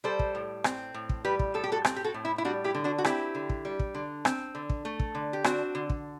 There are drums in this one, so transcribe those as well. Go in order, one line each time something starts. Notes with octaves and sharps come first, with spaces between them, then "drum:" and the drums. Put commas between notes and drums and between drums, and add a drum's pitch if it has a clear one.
G3 A4 C5
drum: kick
A2
C4, drum: rim click
A2
drum: kick
G3 G4 B4
drum: kick
A2 A4
G4
F#4 A4
C4, drum: rim click
G4
F#4 A4
A2
E4
E4
G3 D4 F#4
E4 G4
D3
D4 F#4
F#4
C4 E4 G4, drum: rim click
D3
drum: kick
G3
drum: kick
D3
C4, drum: rim click
D3
drum: kick
A3
drum: kick
D3
G4
C4 D4 F#4, drum: rim click
D3
drum: kick